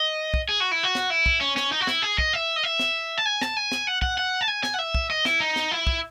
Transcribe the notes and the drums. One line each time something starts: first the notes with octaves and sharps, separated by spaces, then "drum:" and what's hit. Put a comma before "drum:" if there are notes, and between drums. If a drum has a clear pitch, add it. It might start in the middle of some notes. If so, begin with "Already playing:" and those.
Already playing: D#5
drum: kick
G#4
F#4
E4
F#4
drum: snare
E4
drum: kick
C#4
C#4, drum: snare
D#4
F#4
E4, drum: snare
G#4
D#5, drum: kick
E5
D#5
E5
drum: snare
A5
G#5
A5, drum: snare
G#5
drum: snare
F#5
F#5, drum: kick
F#5
A5
G#5
G#5, drum: snare
F#5
E5
drum: kick
D#5
E4, drum: snare
D#4
drum: snare
E4
drum: kick